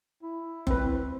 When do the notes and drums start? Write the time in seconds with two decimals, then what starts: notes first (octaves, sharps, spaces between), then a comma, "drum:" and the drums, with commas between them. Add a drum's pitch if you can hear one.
0.23 E4
0.67 C4 B4, drum: kick F#1